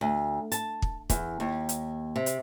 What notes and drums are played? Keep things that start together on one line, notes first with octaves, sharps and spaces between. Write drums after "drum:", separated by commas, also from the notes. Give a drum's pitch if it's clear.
D2
A5, drum: hi-hat
drum: kick
E2, drum: kick, hi-hat
D#2
drum: hi-hat
C3
drum: hi-hat